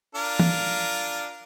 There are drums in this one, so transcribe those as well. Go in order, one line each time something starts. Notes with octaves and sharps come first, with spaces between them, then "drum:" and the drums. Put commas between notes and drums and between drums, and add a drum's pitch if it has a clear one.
D4 F4 A#4
drum: tom